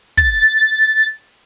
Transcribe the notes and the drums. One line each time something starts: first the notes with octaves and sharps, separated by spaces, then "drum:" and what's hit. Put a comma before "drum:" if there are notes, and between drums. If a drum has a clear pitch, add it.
A6, drum: kick